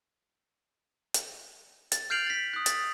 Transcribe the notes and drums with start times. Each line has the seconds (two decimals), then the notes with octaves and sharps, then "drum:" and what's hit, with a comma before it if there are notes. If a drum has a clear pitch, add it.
1.14 drum: hi-hat
1.92 A6, drum: hi-hat
2.10 F6 G6 C7 D7 F7 F#7
2.26 A6 B6
2.53 D#6 F#6
2.66 A6, drum: hi-hat